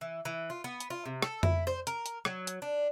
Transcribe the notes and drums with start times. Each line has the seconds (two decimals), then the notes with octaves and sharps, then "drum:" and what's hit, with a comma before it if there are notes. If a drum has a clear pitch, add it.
0.01 E3
0.25 E3
0.50 F4
0.64 B3
0.80 drum: hi-hat
0.90 F4
1.06 C3
1.22 A4, drum: rim click
1.43 E4, drum: tom F2
1.67 C5
1.87 A#4, drum: hi-hat
2.06 drum: hi-hat
2.25 F#3, drum: rim click
2.47 drum: hi-hat
2.62 D4